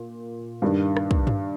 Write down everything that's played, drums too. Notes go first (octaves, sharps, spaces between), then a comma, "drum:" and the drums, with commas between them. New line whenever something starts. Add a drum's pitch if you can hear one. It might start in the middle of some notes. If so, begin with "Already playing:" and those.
Already playing: A#2
G2 D#3 G3 D4
drum: rim click
drum: kick
drum: tom G2